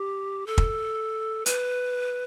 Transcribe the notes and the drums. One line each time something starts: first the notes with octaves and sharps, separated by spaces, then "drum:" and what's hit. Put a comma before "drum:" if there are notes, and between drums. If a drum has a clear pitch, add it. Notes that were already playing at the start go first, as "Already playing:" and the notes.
Already playing: G4
A4
drum: kick
B4, drum: hi-hat